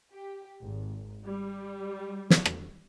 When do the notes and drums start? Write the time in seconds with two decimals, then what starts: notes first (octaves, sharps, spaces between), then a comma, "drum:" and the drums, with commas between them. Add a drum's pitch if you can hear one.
0.13 G4
0.61 G#1
1.25 G3
2.30 drum: snare
2.46 drum: rim click